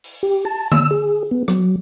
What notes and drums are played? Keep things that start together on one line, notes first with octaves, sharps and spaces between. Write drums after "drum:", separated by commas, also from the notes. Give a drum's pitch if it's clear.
drum: open hi-hat
G4
A5
E6, drum: tom D3
G#4
B3
F#3, drum: rim click